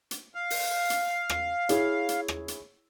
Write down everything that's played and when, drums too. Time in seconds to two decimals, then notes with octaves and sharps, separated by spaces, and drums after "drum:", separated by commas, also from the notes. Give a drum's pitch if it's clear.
0.11 drum: hi-hat
0.35 F5
0.50 drum: open hi-hat
0.90 drum: hi-hat
1.29 drum: rim click
1.69 E4 G#4 C#5, drum: hi-hat
2.09 drum: hi-hat
2.28 drum: rim click
2.48 drum: hi-hat